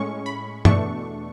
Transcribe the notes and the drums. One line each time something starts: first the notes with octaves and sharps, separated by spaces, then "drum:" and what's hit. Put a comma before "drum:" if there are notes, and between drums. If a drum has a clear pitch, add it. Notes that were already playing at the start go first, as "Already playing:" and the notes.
Already playing: A2 G#3 C#4 C#6
B5
E2 B2 A3 D4 C#6, drum: tom G2